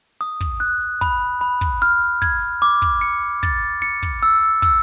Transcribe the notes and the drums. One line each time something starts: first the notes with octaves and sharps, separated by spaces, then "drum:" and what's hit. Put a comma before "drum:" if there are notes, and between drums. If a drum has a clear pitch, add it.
D#6, drum: hi-hat
drum: kick, hi-hat
F#6
drum: hi-hat
B5, drum: kick, hi-hat
B5, drum: hi-hat
drum: kick, hi-hat
F6, drum: hi-hat
drum: hi-hat
G#6, drum: kick, hi-hat
drum: hi-hat
D6, drum: hi-hat
drum: kick, hi-hat
C#7, drum: hi-hat
drum: hi-hat
A6, drum: kick, hi-hat
drum: hi-hat
C#7, drum: hi-hat
drum: kick, hi-hat
E6, drum: hi-hat
drum: hi-hat
E6, drum: kick, hi-hat